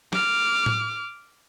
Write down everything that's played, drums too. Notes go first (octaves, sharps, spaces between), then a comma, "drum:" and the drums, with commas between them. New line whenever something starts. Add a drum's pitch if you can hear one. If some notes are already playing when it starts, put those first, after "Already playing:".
D6 F6, drum: snare
drum: tom A2